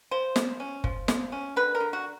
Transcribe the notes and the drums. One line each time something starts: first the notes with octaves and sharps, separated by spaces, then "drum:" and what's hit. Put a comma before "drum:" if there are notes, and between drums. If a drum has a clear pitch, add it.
F3 C5
F3, drum: snare
C#4
F3, drum: kick F#1
F3, drum: snare
C#4
D3 B4
A#4
D3
F#4